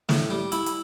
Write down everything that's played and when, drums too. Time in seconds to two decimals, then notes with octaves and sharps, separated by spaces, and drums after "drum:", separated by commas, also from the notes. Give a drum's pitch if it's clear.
0.09 A2, drum: snare
0.30 G3
0.52 E4, drum: hi-hat
0.66 drum: hi-hat